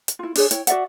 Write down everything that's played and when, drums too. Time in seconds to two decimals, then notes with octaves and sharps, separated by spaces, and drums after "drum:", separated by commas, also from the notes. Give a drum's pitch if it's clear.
0.08 drum: hi-hat
0.19 E4 F4
0.35 D4 G#4 C#5, drum: open hi-hat
0.51 E4 C#5 G5, drum: hi-hat
0.67 F#4 D5 E5 F#5, drum: hi-hat